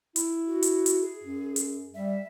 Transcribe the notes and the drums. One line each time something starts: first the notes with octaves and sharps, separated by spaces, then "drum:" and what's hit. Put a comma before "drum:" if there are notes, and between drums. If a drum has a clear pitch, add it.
E4, drum: hi-hat
F#4
drum: hi-hat
drum: hi-hat
G#4
F#2
drum: hi-hat
G3 E5